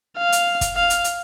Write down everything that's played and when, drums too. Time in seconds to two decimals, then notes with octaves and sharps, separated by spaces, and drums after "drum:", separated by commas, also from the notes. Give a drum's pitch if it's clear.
0.18 F5
0.32 drum: hi-hat
0.61 drum: kick, hi-hat
0.76 F5
0.90 drum: hi-hat
1.04 drum: hi-hat